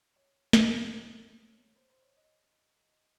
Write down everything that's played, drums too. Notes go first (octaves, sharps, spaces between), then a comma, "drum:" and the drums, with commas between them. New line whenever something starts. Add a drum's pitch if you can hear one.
C#5
drum: snare
D#5
C#5
C5
C5
C#5
D#5